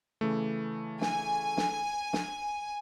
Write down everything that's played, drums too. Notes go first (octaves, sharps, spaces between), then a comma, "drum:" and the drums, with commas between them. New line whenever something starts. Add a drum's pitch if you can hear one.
C#3 E3 A3
G#5, drum: snare
drum: snare
drum: snare